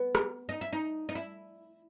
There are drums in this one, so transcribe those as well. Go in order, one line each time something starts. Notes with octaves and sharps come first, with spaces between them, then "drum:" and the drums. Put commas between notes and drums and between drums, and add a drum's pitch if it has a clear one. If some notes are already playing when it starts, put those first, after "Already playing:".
Already playing: B3
drum: rim click
D#4
E4
D#4
D#4
E4